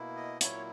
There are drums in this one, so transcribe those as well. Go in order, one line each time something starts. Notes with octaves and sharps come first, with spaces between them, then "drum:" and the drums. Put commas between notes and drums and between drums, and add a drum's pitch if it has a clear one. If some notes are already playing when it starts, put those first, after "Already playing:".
Already playing: B2 A#3 E4
D#5
A#2 F#3 A#3 E4 C#5, drum: hi-hat